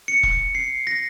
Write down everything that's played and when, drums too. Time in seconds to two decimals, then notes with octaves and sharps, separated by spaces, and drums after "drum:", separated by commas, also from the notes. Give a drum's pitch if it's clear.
0.08 C#7
0.23 drum: kick E1
0.55 C7
0.87 A#6